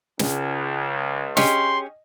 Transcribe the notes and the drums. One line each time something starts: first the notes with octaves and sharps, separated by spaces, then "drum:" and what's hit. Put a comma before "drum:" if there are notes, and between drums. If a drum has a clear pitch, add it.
C#2 C#3, drum: snare
C#4 G4 G#4 D#5 C6, drum: snare